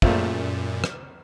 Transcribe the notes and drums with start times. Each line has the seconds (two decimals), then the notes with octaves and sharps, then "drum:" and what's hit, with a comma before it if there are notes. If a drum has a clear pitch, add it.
0.02 A#1 F#2 A#2 F3 A3, drum: kick
0.84 drum: rim click